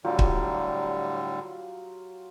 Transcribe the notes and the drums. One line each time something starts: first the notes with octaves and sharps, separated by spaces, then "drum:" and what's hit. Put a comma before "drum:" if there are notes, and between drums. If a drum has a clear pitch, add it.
A2 D3 F#3 G3 F4 G4
drum: kick